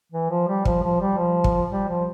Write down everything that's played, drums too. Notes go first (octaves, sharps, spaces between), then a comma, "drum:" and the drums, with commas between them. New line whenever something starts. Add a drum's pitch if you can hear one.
E3
F3
G3
F3, drum: kick
F3
G3
F3
drum: kick
G3
F3